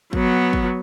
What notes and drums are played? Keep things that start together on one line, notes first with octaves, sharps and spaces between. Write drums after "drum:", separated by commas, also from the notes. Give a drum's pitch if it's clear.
F#3 B3, drum: kick
drum: kick